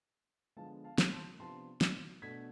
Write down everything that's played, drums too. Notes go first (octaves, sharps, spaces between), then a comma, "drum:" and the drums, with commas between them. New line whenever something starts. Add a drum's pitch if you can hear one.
D3 F3 G#3 B3 F5 A5
F5 A5
drum: snare
A5 C6
C3 F3 B3 D4 A5 C6
drum: snare
B2 A3 D4 G#6 B6